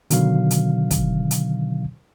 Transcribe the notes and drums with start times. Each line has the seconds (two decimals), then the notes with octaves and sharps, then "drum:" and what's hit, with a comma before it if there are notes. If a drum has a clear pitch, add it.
0.10 B2 D3 D#3 F#3 F5, drum: hi-hat
0.51 drum: hi-hat
0.91 drum: kick, hi-hat
1.31 drum: hi-hat